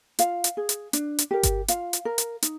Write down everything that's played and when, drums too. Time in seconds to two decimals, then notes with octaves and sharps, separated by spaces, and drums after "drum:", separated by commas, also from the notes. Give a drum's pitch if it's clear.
0.19 F4 F5, drum: hi-hat
0.44 drum: hi-hat
0.57 G#4
0.69 drum: hi-hat
0.93 D4, drum: hi-hat
1.19 drum: hi-hat
1.31 G4 A#4
1.43 drum: kick G1, hi-hat
1.68 F4 F5, drum: hi-hat
1.93 drum: hi-hat
2.05 A#4
2.18 drum: hi-hat
2.42 D#4, drum: hi-hat